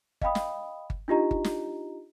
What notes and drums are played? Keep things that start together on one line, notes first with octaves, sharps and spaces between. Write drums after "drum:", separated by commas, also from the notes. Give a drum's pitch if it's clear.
D#5 F5 G5 B5 D#6, drum: kick G1
drum: snare
drum: kick G1
D4 D#4 F4 G4 D#5 A#5
drum: kick G1
drum: snare